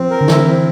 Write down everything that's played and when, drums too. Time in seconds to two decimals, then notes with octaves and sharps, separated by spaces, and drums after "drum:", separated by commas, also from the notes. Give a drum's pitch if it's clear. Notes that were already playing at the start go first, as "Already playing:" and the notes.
Already playing: F3 C4
0.10 A#4
0.21 D3
0.28 E3 E4, drum: snare
0.45 C4